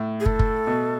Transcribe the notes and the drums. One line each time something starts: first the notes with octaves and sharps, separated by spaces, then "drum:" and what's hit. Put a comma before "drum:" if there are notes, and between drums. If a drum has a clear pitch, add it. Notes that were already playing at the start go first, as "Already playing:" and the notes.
Already playing: A2
G#4
A4, drum: kick
drum: kick
B2